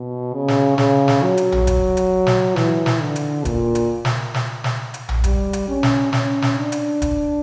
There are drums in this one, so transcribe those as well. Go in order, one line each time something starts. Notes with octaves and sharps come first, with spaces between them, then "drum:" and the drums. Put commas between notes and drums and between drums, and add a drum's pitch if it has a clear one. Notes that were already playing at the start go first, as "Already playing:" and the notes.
Already playing: B2
C#3
drum: snare
C#3, drum: snare
drum: snare
F#3
drum: hi-hat
drum: tom A#1
drum: kick, hi-hat
drum: hi-hat
drum: snare
E3, drum: snare
drum: snare
D3
drum: hi-hat
A#2, drum: kick, hi-hat
drum: hi-hat
drum: snare
drum: snare
drum: snare
drum: hi-hat
drum: tom A#1
G3, drum: kick, hi-hat
drum: hi-hat
C#4
drum: snare
C#4, drum: snare
drum: snare
D4
drum: hi-hat
drum: kick, hi-hat